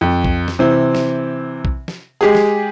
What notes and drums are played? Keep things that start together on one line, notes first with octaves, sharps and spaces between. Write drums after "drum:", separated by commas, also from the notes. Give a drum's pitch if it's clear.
F2
drum: kick
drum: snare
C3 E3 C4
drum: snare
drum: kick
drum: snare
G#3 G4 G#4
drum: snare